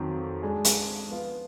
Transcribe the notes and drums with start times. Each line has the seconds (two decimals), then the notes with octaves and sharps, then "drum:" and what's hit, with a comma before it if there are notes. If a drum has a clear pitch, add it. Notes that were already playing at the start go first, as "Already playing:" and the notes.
Already playing: F2 D#3 F#3
0.42 G#3 D4 G#4
0.65 drum: hi-hat
1.08 F3 B3 F4